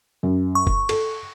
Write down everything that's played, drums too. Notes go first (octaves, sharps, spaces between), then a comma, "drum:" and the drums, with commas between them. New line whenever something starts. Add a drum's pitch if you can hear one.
F#2
C#6
drum: kick F1
A4, drum: cymbal